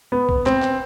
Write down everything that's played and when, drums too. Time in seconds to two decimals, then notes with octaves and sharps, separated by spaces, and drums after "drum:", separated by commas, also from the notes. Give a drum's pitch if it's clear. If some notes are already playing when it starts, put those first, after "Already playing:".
0.12 B3
0.29 drum: kick B1
0.46 C4, drum: clap
0.62 drum: clap